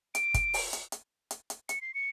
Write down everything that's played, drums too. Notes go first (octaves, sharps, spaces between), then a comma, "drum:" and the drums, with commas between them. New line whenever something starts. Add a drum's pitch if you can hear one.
D7, drum: hi-hat
drum: kick, hi-hat
drum: open hi-hat
drum: hi-hat
drum: hi-hat
drum: hi-hat
drum: hi-hat
C#7, drum: hi-hat
C7
C#7